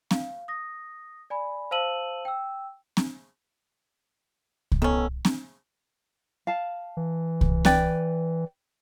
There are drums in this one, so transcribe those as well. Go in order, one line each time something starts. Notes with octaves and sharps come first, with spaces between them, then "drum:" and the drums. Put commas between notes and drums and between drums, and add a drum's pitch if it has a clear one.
F5, drum: snare C4
D#6 A#6
D5 G#5 B5
C5 F5 A5 E6 D#7 F#7
G5 E6
drum: snare C4
drum: kick C2
D#3 B3 C#4 A4
drum: snare C4
F5 A5
E3
drum: kick C2
B4 D5 G5, drum: snare C4